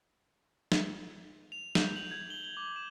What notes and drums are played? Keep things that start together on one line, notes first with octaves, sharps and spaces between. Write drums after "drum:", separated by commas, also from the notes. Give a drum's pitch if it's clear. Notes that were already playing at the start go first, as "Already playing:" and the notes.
drum: snare
F7
G6, drum: snare
F#7
G#6
G7
G7
D6
E7